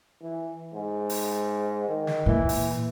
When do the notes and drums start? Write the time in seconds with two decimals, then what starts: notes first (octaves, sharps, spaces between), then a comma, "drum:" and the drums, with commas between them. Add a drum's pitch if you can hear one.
0.22 E3
0.73 G#2
1.10 drum: open hi-hat
1.88 D#3
2.07 drum: snare
2.26 A#2 E3
2.49 drum: open hi-hat